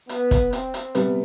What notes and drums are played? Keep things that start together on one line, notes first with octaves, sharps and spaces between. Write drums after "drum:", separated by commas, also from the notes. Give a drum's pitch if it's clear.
B3, drum: hi-hat
drum: kick, hi-hat
C4, drum: hi-hat
drum: hi-hat
C3 G3 B3, drum: hi-hat